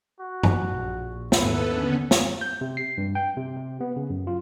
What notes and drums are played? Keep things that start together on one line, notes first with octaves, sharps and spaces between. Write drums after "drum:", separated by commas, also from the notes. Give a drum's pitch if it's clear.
F#4
drum: tom G2
A#1
D#2 G#2 B3 E4 A4 B4, drum: snare
D3 B3 C#4
drum: snare
G6
C3
C7
G2
G5
C3
C3
B3
C#3
F#2
F4